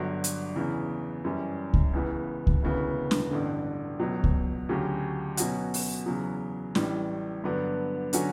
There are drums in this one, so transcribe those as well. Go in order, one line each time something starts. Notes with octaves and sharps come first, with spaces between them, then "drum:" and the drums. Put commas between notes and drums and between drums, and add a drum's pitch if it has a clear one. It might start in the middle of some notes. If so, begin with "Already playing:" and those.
Already playing: G1 G2 D3 F#3
drum: hi-hat
E2 C#3 E3
F#2 E3 G3 C#4
drum: kick C#2
C#2 C#3 E3 B3
drum: kick C#2
E1 D2 C#3 E3 B3
drum: snare
A1 G2 D3
C#2 B2 F#3
drum: kick C#2
D2 C#3 F#3 C#4 G4
B2 F#3 C#4 F#4, drum: hi-hat
drum: open hi-hat
E2 C#3 F#3
A1 A2 E3 G3, drum: snare
G2 D3 F#3 B3 D4
D3 F#3 C#4 F#4, drum: hi-hat